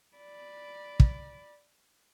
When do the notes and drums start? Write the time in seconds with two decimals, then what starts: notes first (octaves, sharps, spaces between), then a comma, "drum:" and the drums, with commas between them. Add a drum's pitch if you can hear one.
0.17 D5 B5
1.00 drum: kick